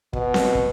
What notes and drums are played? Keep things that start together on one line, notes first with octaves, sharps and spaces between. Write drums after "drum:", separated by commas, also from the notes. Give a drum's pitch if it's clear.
B2, drum: kick
drum: snare C4
drum: kick